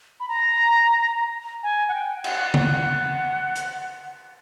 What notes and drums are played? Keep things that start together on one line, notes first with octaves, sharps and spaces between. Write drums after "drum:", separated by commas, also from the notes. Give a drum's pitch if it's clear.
B5
A#5
G#5
F#5
G5
F#5, drum: cymbal
F#5, drum: tom
drum: hi-hat